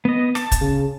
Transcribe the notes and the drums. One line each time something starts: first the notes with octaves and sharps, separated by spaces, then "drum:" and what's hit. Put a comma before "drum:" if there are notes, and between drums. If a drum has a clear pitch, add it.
B3 D#5
A5, drum: rim click
drum: kick, hi-hat
C#3